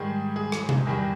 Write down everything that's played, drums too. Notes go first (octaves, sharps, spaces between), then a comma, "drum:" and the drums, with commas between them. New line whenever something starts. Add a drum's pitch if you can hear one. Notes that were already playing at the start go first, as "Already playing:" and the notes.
Already playing: G#2 D#3 G3 G#4
G#4
drum: rim click
drum: tom C3
E2 D#3 G3